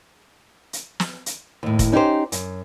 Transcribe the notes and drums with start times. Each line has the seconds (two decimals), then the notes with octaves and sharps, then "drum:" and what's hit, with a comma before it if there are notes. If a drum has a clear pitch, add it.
0.73 drum: hi-hat
1.00 drum: snare
1.26 drum: hi-hat
1.63 D#2 A2
1.79 drum: kick F1, hi-hat
1.92 C#4 D#4 F4 G4 C5
2.32 F#2, drum: hi-hat